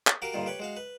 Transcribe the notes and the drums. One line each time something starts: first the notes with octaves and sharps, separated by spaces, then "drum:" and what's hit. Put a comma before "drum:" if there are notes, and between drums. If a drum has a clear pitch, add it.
drum: clap
F#4 G4 A#4 F5
G2 A#2 D3 D#3 F4
G4 B4 C#5
G#3 F#4 F5
B4